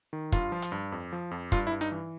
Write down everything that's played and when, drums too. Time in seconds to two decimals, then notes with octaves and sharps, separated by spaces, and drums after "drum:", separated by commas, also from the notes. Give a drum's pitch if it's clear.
0.13 D#3
0.32 G2 F4, drum: kick, hi-hat
0.52 F3
0.62 drum: hi-hat
0.72 G2
0.92 F2
1.12 F3
1.31 F2
1.52 G2 F4, drum: kick, hi-hat
1.67 E4
1.72 G2
1.81 D#4, drum: hi-hat
1.92 E3